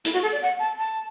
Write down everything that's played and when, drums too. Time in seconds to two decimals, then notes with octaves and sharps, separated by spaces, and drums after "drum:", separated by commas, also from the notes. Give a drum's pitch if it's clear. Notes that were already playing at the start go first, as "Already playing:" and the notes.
0.05 E4, drum: hi-hat
0.13 F#4
0.23 A4
0.32 D5
0.42 F#5
0.59 A5
0.78 A5